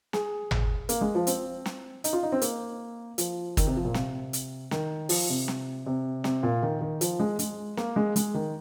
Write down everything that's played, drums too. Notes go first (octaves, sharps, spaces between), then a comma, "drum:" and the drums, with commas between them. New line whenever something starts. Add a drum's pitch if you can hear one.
G#4, drum: snare
drum: tom G#1
A#3, drum: hi-hat
G#3
F3
C4, drum: hi-hat
drum: snare
D#4, drum: hi-hat
F4
D#4
C4
A#3, drum: hi-hat
F3, drum: hi-hat
D#3, drum: kick, hi-hat
C3
F3
A#2
C3, drum: snare
drum: hi-hat
D#3, drum: snare
F3, drum: open hi-hat
C3
drum: snare
C3
C3, drum: snare
A#2
D#3
D#3
F3, drum: hi-hat
G#3
G#3, drum: hi-hat
A#3, drum: snare
G#3
G#3, drum: hi-hat
D#3